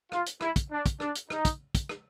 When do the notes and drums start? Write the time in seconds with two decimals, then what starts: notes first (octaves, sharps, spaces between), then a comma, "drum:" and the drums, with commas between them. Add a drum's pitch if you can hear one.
0.12 F4, drum: rim click
0.26 drum: hi-hat
0.41 E4, drum: rim click
0.56 drum: kick, hi-hat
0.71 D4
0.86 drum: kick, hi-hat
1.00 D4, drum: rim click
1.15 drum: hi-hat
1.30 D#4, drum: rim click
1.45 drum: kick, hi-hat
1.75 drum: kick, hi-hat
1.89 drum: rim click